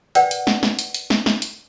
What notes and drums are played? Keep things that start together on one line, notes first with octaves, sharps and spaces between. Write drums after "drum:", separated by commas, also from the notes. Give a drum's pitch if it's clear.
A#4 B4 D5 F#5 G5, drum: hi-hat
drum: hi-hat
drum: snare
drum: snare
drum: hi-hat
drum: hi-hat
drum: snare
drum: snare
drum: hi-hat